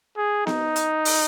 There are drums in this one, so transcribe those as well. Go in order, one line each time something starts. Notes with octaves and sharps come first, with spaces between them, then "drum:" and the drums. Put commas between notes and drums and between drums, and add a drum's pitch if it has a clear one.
G#4
D#4, drum: snare B3
drum: hi-hat
drum: open hi-hat